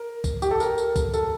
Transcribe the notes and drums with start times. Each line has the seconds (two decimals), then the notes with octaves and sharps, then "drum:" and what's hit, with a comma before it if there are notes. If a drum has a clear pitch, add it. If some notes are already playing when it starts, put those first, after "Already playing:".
Already playing: A#4
0.24 drum: kick B1, tambourine
0.42 G4, drum: tambourine
0.51 A4
0.60 A#4, drum: tambourine
0.78 drum: tambourine
0.96 drum: kick B1, tambourine
1.14 A4, drum: tambourine